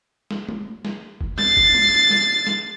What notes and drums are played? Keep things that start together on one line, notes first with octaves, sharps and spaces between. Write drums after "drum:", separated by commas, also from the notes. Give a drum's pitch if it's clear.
drum: snare
drum: tom G#3
drum: snare
drum: kick
A6 C7, drum: snare
drum: kick
drum: tom G#3
drum: snare
drum: snare